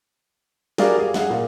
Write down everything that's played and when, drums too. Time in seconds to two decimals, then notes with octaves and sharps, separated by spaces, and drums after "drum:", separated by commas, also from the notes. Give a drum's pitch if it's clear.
0.78 G3 F#4 G#4 A#4 D5 F5, drum: snare
0.99 G#4
1.14 G#4 F5 F#5, drum: snare
1.30 A#2